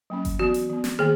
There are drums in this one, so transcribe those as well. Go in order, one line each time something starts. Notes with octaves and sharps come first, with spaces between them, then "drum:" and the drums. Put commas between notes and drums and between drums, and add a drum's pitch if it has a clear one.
F#3 A#3 C#4
drum: kick G1, hi-hat
E3 B3 F#4
drum: hi-hat
E3 B3
drum: snare
D#3 A#3 G#4